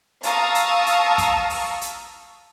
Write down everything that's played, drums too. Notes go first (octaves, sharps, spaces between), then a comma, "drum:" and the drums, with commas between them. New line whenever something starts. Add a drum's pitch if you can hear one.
F5 A5 A#5 C#6 D#6 E6, drum: hi-hat
drum: hi-hat
drum: hi-hat
drum: kick, hi-hat
drum: open hi-hat
drum: hi-hat